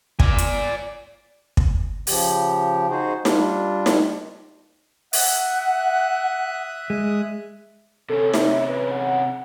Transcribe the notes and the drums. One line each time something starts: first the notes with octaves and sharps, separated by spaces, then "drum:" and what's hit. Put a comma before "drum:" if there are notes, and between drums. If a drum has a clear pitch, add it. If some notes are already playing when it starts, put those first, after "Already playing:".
D5 G#5, drum: kick
drum: hi-hat
drum: kick
C#3 F3 G4, drum: open hi-hat
D#4 F#4 G#4 C5
G3 D4 F4, drum: snare D#4
drum: snare D#4
E5 F#5 D#6 F#6, drum: open hi-hat
G#3
C3 C#4 A4
E5, drum: snare D#4
B4
F#5